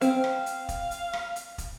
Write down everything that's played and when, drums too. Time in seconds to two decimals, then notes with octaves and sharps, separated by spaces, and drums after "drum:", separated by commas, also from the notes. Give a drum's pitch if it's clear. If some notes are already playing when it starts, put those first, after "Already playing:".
0.01 C4 F5, drum: hi-hat
0.24 drum: rim click
0.46 drum: hi-hat
0.69 drum: kick, hi-hat
0.91 drum: hi-hat
1.13 drum: rim click
1.36 drum: hi-hat
1.58 drum: kick, hi-hat